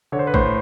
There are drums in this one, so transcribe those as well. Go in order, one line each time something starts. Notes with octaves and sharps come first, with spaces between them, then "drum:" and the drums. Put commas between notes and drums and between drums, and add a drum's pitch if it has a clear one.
D3 C#5
C5
B4
A2 C5, drum: kick A1